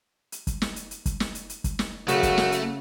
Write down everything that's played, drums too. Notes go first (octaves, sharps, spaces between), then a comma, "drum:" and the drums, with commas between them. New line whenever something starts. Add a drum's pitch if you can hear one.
drum: hi-hat
drum: kick, hi-hat
drum: snare
drum: hi-hat
drum: hi-hat
drum: kick, hi-hat
drum: snare
drum: hi-hat
drum: hi-hat
drum: kick, hi-hat
drum: snare
F#2 C#3 A3 F#4, drum: hi-hat
drum: kick, hi-hat
drum: snare
drum: hi-hat